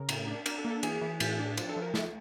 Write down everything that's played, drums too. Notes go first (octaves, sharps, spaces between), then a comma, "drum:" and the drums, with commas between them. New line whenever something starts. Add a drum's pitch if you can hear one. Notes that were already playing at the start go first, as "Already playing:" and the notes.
Already playing: C#3 A#4
A2, drum: cymbal
D4
D4 A#4, drum: cymbal
A4
A#3
A4
E3 G#4, drum: cymbal
E3
A2, drum: cymbal
D4
F3, drum: cymbal
A4
F3
A#4
A3 E5, drum: snare